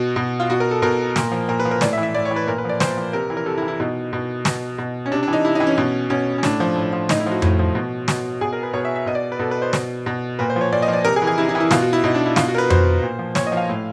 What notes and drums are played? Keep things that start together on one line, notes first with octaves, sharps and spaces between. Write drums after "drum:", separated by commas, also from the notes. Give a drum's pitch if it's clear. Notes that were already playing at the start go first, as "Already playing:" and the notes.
Already playing: B2 F#4
B2
F4
B2 F#4
A#4
A4
B2 A#4
A#2, drum: snare
F3
A#2 A#4
B4
F3
A#4
A2 D5, drum: snare
E5
E3
E5
A2 D5
C#5
E3
B4
A#2 A#4
B4
F3 D5
A#2 C5, drum: snare
F3
C3 A#4
E3
A#4
C3 A4
E4
E3
E4
B2 D#4
B2
B2, drum: snare
B2
C#4
C3 D4
D4
E3
D#4
C3 E4
D#4
E3
C#4
B2
B2 C#4
C#4
A2 D4, drum: snare
F3
A2
F3
A2 D#4, drum: snare
E4
F3 F#4
A2, drum: tom F2
F3
B2
B2, drum: snare
B2 G#4
A#4
B4
B2 C#5
E5
E5
B2 D#5
D5
B4
B2 A4
B4
C5
B2, drum: snare
B2
A#2 B4
C5
F3 C#5
A#2 D5
D#5
F3
D5
C3 A#4
G#4
E3
G#4
C3 E4
E4
E3
E4
B2 F4, drum: snare
F#4
E4
B2 D#4
D4
E4
B2 F4, drum: snare
F#4
A#4
B4
B2 C5, drum: tom F2
A#2
F3
A#2 C#5, drum: snare
D#5
F3
F5
A2